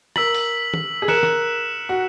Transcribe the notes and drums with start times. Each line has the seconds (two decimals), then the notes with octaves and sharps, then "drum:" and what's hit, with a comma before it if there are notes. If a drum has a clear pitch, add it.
0.16 A#4 E6 B6 F#7, drum: rim click
0.34 drum: open hi-hat
0.74 drum: tom
1.02 G#4
1.08 A#4 F#6 C#7 E7, drum: snare
1.23 drum: snare
1.89 F#4